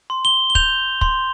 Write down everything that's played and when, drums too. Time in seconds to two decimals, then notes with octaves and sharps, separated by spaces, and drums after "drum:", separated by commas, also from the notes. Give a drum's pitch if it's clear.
0.10 C6
0.25 G7
0.50 G7
0.55 G6 F7, drum: kick
1.01 C6, drum: kick